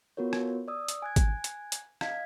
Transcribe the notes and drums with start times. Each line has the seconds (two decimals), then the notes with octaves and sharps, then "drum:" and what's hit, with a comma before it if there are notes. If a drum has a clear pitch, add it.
0.17 B3 F4 F#4 A#4 C#5
0.33 drum: rim click
0.68 D5 D#6 E6
0.88 drum: hi-hat
1.02 G#5 F#6 G#6
1.16 drum: kick G#1, hi-hat
1.44 drum: hi-hat
1.72 drum: hi-hat
2.01 D#5 F5 G#6 B6, drum: rim click